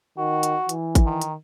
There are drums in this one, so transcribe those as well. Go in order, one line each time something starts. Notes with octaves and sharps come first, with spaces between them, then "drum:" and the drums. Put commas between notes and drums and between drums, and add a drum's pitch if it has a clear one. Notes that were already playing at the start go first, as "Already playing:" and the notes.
D#3 F#4
drum: hi-hat
E3, drum: hi-hat
drum: kick G#1, hi-hat
D#3
drum: hi-hat